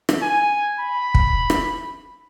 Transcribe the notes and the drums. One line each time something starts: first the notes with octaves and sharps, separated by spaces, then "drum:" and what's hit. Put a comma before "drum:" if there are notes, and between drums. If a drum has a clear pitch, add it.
drum: rim click
G#5
B5
drum: kick
drum: rim click